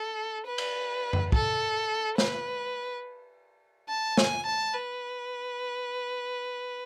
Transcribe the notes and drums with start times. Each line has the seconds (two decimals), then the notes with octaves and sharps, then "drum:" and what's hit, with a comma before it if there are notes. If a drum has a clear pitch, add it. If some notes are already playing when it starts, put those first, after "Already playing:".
Already playing: A4
0.47 B4
0.58 drum: cymbal
1.13 drum: tom F#2
1.32 A4, drum: kick
2.18 B4, drum: snare
3.89 A5
4.17 G#5, drum: snare
4.46 A5
4.74 B4